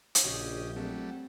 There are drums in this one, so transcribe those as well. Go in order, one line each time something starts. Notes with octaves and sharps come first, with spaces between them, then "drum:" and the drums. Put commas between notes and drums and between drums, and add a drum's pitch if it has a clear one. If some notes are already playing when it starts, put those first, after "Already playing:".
drum: hi-hat
A#1 C#3 F#4 G4 C#5 D#5
F#3 G3 A3 C4